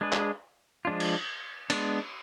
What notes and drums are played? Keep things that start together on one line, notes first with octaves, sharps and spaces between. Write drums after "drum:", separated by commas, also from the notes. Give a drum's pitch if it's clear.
G#3 D4 G#4 B4
drum: clap
F3 G#3 D4 F4
drum: cymbal
G#3 B3 D4, drum: cymbal